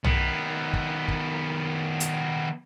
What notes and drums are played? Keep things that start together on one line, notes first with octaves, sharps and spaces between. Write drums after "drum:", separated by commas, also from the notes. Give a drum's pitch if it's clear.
D#3 B3, drum: tom
drum: kick
drum: kick
drum: hi-hat